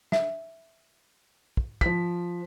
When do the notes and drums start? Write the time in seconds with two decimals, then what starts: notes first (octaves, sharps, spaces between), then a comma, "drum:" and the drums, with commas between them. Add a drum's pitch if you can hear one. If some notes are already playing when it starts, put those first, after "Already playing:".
0.12 E5, drum: snare
1.57 drum: kick
1.81 F3 B6, drum: kick